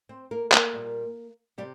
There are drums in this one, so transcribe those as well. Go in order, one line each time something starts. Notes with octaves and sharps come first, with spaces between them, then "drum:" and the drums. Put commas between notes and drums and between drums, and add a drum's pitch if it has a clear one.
C4 C5
A#3 A#4
A#3 A#4, drum: clap
A#2 G3
C3 G3 G4